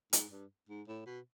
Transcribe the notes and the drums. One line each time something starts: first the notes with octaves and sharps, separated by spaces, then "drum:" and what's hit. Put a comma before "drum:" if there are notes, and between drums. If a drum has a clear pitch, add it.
G#2, drum: hi-hat
G2
G#2
A2
B2